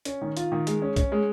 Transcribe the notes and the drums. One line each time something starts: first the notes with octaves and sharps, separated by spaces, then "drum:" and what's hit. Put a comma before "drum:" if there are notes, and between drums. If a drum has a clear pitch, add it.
C#4, drum: hi-hat
D#3
F4, drum: hi-hat
D#3
G#3, drum: hi-hat
C#4
C#4, drum: kick B1, hi-hat
G#3